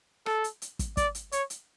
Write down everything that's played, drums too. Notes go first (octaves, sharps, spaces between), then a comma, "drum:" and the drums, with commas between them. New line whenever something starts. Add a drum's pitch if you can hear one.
A4, drum: rim click
drum: hi-hat
drum: hi-hat
drum: kick, hi-hat
D5, drum: kick, hi-hat
drum: hi-hat
C#5, drum: hi-hat
drum: hi-hat